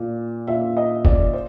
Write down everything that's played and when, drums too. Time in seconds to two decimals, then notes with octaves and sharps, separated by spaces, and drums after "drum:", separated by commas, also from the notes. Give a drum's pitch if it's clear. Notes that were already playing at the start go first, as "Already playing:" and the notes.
Already playing: A#2 D5
0.47 A#2 E5
0.77 D#5
1.05 D5, drum: kick E1
1.33 C5